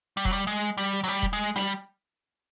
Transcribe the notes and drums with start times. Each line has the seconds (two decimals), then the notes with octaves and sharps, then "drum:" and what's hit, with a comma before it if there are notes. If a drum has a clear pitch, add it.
0.17 G3
0.25 F#3, drum: kick E1
0.33 G3
0.47 G#3
0.78 G3
1.04 F#3
1.08 G3
1.22 drum: kick E1
1.33 G#3
1.56 G3, drum: hi-hat